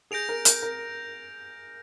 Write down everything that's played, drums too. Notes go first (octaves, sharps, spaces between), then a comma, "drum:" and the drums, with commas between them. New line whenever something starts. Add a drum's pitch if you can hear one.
G#4 G6 A#6 D7 F7
A#4
A#4, drum: hi-hat
A#4